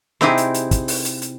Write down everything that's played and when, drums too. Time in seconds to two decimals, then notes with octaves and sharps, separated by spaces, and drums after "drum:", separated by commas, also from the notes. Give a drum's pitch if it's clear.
0.21 C3 C4 D#4 E4 G4 G#4, drum: snare
0.38 drum: hi-hat
0.54 drum: hi-hat
0.71 drum: kick, hi-hat
0.88 drum: open hi-hat
1.05 drum: hi-hat
1.22 drum: hi-hat